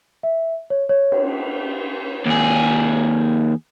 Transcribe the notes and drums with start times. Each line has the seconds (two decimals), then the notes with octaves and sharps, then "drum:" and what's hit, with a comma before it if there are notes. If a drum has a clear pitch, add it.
0.23 E5
0.70 C#5
0.89 C#5
1.12 drum: cymbal
2.26 D#2 G#4